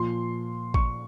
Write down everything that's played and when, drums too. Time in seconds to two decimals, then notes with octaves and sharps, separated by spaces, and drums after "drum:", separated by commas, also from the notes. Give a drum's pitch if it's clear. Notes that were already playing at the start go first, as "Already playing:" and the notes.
Already playing: A#2 F3 C6
0.74 C#6, drum: kick A1